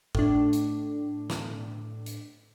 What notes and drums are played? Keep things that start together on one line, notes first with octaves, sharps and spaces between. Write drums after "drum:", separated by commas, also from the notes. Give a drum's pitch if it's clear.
A2 D4, drum: kick G#1
drum: hi-hat
drum: snare
drum: hi-hat